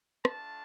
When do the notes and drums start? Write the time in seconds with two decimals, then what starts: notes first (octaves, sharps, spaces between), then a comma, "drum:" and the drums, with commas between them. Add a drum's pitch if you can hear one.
0.25 A3 D4 F4 A5, drum: rim click